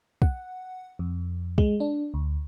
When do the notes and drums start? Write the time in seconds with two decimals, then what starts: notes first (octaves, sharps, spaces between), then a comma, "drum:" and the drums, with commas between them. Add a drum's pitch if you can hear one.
0.22 F#5, drum: kick
0.99 F2
1.58 G#3, drum: kick
1.80 D4
2.14 D2